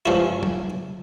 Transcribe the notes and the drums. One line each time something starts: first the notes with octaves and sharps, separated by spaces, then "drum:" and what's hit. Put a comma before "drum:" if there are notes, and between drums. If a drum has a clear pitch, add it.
G2 F3 C#4 E4
drum: tom F#3